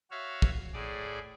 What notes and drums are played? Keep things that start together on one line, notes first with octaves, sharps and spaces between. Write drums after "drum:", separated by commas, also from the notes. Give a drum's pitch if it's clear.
F#4 C#5 E5 F5
drum: kick
A2 G#4 D5